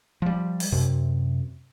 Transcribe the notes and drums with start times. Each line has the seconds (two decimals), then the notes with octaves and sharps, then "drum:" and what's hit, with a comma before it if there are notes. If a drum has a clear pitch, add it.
0.22 F3 G3
0.60 drum: open hi-hat
0.72 F#2 C3